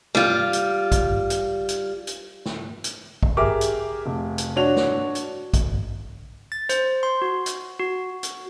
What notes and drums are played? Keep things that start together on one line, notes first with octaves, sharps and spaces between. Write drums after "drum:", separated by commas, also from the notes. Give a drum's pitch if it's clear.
G3 F4, drum: snare
drum: hi-hat
drum: kick, hi-hat
drum: hi-hat
drum: hi-hat
drum: hi-hat
drum: snare
drum: hi-hat
drum: kick
G4 G#4 A#4 E5 D6
drum: hi-hat
F1
drum: hi-hat
D4 F#4 C#5 F7
drum: snare
drum: hi-hat
drum: kick, hi-hat
A6
C5, drum: hi-hat
C6
F#4
drum: hi-hat
F#4
drum: hi-hat